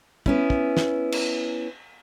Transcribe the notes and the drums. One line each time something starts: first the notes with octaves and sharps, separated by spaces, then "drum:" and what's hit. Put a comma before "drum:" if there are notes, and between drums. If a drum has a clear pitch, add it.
B3 C#4 E4, drum: kick
drum: kick
drum: snare
drum: cymbal